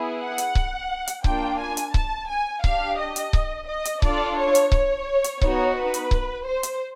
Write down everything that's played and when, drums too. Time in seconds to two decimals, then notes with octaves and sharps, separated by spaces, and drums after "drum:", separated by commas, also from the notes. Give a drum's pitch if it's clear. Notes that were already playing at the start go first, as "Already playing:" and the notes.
Already playing: B3 E4 G#4
0.21 F#5
0.38 drum: hi-hat
0.55 drum: kick C#1
1.07 drum: hi-hat
1.24 A#3 D4 F4 G5, drum: kick C#1
1.60 G#5
1.77 drum: hi-hat
1.94 A5, drum: kick C#1
2.29 G#5
2.64 D4 G4 F5, drum: kick C#1
2.99 D#5
3.16 drum: hi-hat
3.33 drum: kick C#1
3.68 D#5
3.85 drum: hi-hat
4.02 D4 F4 A4 D5, drum: kick C#1
4.37 C#5
4.55 drum: hi-hat
4.72 C#5, drum: kick C#1
5.24 drum: hi-hat
5.41 B3 D#4 F#4, drum: kick C#1
5.77 B4
5.94 drum: hi-hat
6.11 drum: kick C#1
6.46 C5
6.63 drum: hi-hat